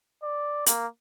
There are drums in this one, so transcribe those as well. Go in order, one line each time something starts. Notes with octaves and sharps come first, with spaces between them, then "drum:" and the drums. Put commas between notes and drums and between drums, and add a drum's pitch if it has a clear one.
D5
A#3, drum: hi-hat